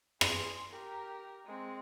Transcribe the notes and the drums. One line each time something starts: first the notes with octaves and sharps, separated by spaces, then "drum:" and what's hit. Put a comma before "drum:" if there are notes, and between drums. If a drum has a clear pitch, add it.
G#4 C6, drum: rim click
G4 A#4
G#3 C4